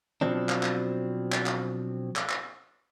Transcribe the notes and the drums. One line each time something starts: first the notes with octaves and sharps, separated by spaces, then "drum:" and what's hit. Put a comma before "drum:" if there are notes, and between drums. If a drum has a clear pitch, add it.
B2 F3 F#3 C4 D4
drum: clap
drum: clap
drum: clap
drum: clap
drum: clap
drum: clap